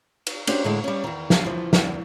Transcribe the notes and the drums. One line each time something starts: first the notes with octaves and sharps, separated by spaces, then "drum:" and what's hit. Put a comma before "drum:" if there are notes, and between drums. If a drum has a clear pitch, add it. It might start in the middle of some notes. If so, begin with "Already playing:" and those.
drum: cymbal
C#4 D4 F#4 G4 C5, drum: cymbal
A2 D3 G#3
G3 C#4
E2 D#3
drum: snare
E3 F3
E2, drum: snare